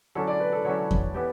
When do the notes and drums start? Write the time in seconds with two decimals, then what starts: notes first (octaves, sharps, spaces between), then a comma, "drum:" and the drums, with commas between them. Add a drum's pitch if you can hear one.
0.15 D3 F#3 C#4 E4 A4
0.27 D5
0.40 B4
0.52 A4
0.65 D3 F#3 C#4 E4 C#5
0.91 drum: kick E2
1.14 E3 B3 E4 G4